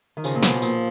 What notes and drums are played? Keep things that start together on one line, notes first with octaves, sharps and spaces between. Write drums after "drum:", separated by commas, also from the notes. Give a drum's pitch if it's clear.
D#3
C#3 F3, drum: tambourine
A#2
B2, drum: snare
A#2, drum: tambourine